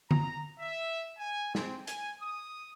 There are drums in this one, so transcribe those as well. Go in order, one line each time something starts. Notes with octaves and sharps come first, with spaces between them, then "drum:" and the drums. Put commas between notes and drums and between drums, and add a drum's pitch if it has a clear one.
A#5, drum: tom D3
E5
G#5
C4, drum: snare
G#5, drum: hi-hat
D#6